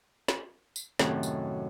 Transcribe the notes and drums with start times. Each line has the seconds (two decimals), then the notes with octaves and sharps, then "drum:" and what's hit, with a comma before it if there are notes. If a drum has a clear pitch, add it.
0.28 drum: snare
0.76 drum: tambourine
0.99 F#2 A2 C3 D#3 F#3 C4, drum: snare
1.23 drum: tambourine